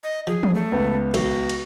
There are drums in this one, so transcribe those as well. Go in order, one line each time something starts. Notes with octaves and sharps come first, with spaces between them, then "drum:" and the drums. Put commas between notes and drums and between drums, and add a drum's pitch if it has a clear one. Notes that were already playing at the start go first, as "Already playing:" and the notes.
D#5
F3 G#4
drum: tom E3
A3
C#2 B3
B1 F#4, drum: cymbal
drum: cymbal